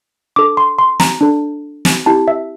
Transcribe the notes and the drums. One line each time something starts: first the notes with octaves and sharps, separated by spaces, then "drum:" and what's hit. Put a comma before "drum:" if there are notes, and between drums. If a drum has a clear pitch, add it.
D4 A4 D6
C6
C6
A#5, drum: snare
D4 A4
drum: snare
C4 E4 G4 A5
E5